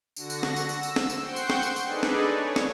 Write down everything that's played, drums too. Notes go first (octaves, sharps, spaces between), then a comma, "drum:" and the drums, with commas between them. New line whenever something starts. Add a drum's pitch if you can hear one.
D3 F#4 A#6, drum: tambourine
drum: tambourine
drum: snare
drum: tambourine
E6, drum: tambourine
drum: tambourine
drum: snare
drum: tambourine
C5 F#5 G5 C#6 G6 C7
drum: tambourine
drum: snare
drum: tambourine
drum: tambourine
D4 D#4 G#4 A4 B4 D5
drum: snare
C#5
drum: snare